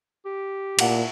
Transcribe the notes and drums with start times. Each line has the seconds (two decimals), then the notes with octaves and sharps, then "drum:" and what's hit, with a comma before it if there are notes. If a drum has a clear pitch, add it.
0.25 G4
0.79 A#2 E4 F#5 A5, drum: cymbal